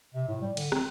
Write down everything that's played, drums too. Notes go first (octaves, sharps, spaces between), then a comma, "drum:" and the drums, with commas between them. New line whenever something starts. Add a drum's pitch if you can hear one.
C3
A2
G3
D3, drum: cymbal
C4, drum: rim click